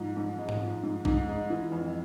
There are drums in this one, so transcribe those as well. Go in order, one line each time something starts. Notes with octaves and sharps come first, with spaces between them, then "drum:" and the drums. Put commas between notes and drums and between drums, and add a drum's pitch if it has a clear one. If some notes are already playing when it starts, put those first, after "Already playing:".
Already playing: G#2 F3
G#2
G#3
drum: tom G#2
F3
G#2
G#2, drum: kick
G#3
E3
F2